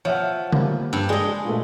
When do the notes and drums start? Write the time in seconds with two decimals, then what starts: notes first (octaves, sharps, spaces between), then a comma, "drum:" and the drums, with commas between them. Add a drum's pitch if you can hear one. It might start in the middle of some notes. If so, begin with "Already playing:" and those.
0.05 F3 C#5 E5 F#5
0.52 G3 A#3, drum: tom C#3
0.93 G2
1.09 G#3 G#4 D5 D#5 A5
1.45 A#2 A3